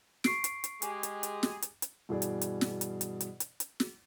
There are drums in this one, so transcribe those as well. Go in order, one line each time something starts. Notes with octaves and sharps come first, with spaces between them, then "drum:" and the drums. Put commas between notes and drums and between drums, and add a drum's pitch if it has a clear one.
C#6 C7 D7, drum: snare
drum: hi-hat
drum: hi-hat
G#3 G4 G#4, drum: hi-hat
drum: hi-hat
drum: hi-hat
drum: snare
drum: hi-hat
drum: hi-hat
G2 B2 E3 G#4 D5
drum: hi-hat
drum: hi-hat
drum: snare
drum: hi-hat
drum: hi-hat
drum: hi-hat
drum: hi-hat
drum: hi-hat
drum: snare